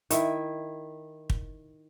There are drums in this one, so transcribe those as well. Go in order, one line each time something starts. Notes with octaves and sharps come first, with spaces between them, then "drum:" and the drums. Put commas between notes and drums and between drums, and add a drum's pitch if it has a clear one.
D#3 E4, drum: hi-hat
drum: kick